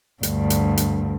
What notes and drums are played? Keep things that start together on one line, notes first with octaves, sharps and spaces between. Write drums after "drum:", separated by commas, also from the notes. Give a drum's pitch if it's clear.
D2 G2, drum: hi-hat
drum: hi-hat
drum: hi-hat